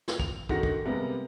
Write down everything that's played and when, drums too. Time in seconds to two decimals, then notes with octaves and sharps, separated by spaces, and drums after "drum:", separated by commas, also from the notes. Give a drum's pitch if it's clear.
0.08 drum: snare
0.20 F7, drum: kick
0.49 G#2 D3 D#3 F#4 F#5 A#6, drum: kick
0.63 drum: kick
0.85 C3 G3 G#3 A#3 B3